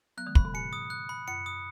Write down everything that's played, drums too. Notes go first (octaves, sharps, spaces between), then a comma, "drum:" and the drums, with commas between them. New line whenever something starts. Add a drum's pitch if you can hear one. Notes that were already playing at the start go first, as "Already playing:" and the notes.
F#3 B3 F#6
D#3 G#3
C#3 F#3 B5, drum: kick
B2
G#2 C#7
D#6
F#6
B5
F#2 C#7
D#6